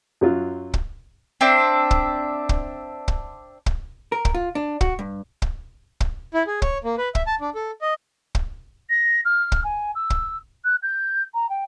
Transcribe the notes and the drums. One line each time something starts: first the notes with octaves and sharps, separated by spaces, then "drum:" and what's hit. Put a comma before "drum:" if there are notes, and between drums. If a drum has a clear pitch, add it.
F#2 F#3 F4
drum: kick
C4 D4 E5
drum: kick
drum: kick
drum: kick
drum: kick
A#4
drum: kick
F4
D4
F#4, drum: kick
G2
drum: kick
drum: kick
E4
G#4
C#5, drum: kick
A#3
B4
E5, drum: kick
A5
D4
A4
D#5
drum: kick
A#6
F6
drum: kick
G#5
E6
drum: kick
F#6
G6
A#5
G5